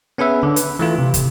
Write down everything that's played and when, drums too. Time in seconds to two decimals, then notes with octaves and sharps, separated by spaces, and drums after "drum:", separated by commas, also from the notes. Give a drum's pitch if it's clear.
0.18 B3 C#4 G#4 B4 E5
0.43 D3
0.56 B4, drum: hi-hat
0.79 E3 A3 F4
0.99 C3
1.14 drum: kick, hi-hat